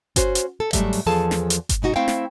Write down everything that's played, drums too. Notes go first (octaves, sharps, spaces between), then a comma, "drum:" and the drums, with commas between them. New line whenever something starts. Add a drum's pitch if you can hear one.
C#4 F#4 C5, drum: kick G1, hi-hat
drum: hi-hat
A4
G#2 D#3 F#3 G3 A3 E5, drum: kick G1, hi-hat
drum: open hi-hat
E2 F3 G#4 A4 A5
drum: snare
drum: hi-hat
drum: kick G1, hi-hat
G#2 B2 D#4 F#4
A3 C4 E4 C5 F5 G5
drum: snare